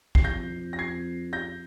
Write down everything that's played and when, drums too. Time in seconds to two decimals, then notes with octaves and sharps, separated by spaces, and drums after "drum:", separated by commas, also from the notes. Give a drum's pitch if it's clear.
0.15 C7, drum: kick A#1
0.24 F2 G6 A#6
0.73 A#6
0.79 G#6 C7
1.33 G6 A#6